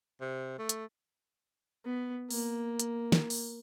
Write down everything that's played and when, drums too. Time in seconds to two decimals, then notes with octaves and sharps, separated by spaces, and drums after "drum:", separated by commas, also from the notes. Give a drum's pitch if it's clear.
0.21 C3
0.59 A3
0.69 drum: hi-hat
1.86 B3
2.30 A#3, drum: open hi-hat
2.80 drum: hi-hat
3.12 drum: snare
3.30 drum: open hi-hat